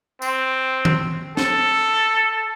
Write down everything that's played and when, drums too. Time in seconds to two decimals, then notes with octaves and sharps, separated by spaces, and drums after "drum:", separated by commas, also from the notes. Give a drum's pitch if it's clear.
0.22 C4, drum: tambourine
0.85 drum: tom D#3
1.37 A4, drum: snare